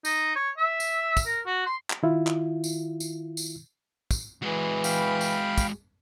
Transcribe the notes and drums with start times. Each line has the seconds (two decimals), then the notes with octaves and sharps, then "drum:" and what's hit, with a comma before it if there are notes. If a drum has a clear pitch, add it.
0.05 D#4, drum: tambourine
0.35 C#5
0.57 E5
0.80 drum: tambourine
1.17 drum: kick, tambourine
1.26 A#4
1.46 F#4
1.66 C6
1.90 drum: clap
2.03 D#3 E4 F4
2.27 drum: clap
2.64 drum: tambourine
3.00 drum: tambourine
3.37 drum: tambourine
4.11 drum: kick, tambourine
4.42 E3 G#3 F#4
4.84 F5 G5 B5, drum: tambourine
5.21 drum: tambourine
5.58 drum: kick, tambourine